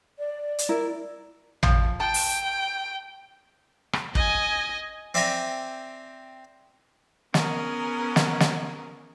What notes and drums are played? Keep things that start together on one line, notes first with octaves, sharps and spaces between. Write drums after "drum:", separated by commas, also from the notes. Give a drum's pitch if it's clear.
D5
drum: hi-hat
E4 A#4
F3, drum: tom
G5 A5
drum: open hi-hat
drum: rim click
D#5 G#5, drum: kick
C4 D5 E5 G5 G#5 A#5
B3 C#4 G#4 A#4, drum: snare
drum: snare
drum: snare